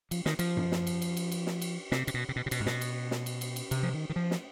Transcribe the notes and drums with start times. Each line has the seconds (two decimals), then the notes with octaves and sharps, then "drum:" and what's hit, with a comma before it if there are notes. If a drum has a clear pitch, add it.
0.11 F3, drum: cymbal
0.26 D#3, drum: snare
0.39 F3, drum: cymbal
0.57 drum: tom F#2
0.72 drum: snare
0.87 drum: cymbal
1.02 drum: cymbal
1.17 drum: cymbal
1.32 drum: cymbal
1.47 drum: snare
1.62 drum: cymbal
1.92 C3, drum: snare
2.07 C3, drum: cymbal
2.14 B2
2.29 C3
2.36 B2
2.46 C3
2.51 B2, drum: cymbal
2.60 G#2
2.66 B2, drum: snare
2.81 drum: cymbal
3.11 drum: snare
3.26 drum: cymbal
3.41 drum: cymbal
3.56 drum: cymbal
3.71 C3, drum: cymbal
3.83 F3
3.93 D#3
4.10 D#3
4.16 F3
4.31 drum: snare